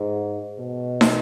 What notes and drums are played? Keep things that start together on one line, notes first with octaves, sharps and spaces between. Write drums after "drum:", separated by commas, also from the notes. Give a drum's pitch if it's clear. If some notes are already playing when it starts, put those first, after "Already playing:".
Already playing: G#2
B2
drum: snare